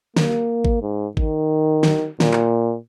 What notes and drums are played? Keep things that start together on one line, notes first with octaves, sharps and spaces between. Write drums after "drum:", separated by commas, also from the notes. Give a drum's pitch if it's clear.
A#3, drum: snare
drum: kick G#1
G#2
D#3, drum: kick G#1
drum: snare
A#2, drum: snare
drum: clap